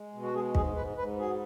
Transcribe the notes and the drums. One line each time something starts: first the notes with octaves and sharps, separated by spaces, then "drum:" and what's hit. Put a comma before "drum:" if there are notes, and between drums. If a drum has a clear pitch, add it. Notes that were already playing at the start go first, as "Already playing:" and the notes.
Already playing: G#3
B2
F#4
G#3 G#4
G#2 G#4, drum: kick
G#2 B4
G#2 B4
F#3 G#4